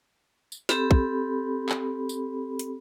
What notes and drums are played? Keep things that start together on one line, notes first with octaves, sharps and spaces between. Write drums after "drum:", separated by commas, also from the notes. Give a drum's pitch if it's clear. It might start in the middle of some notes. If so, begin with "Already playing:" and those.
drum: tambourine
C4 G4 A4 B5, drum: snare
drum: kick
drum: clap
drum: tambourine
drum: hi-hat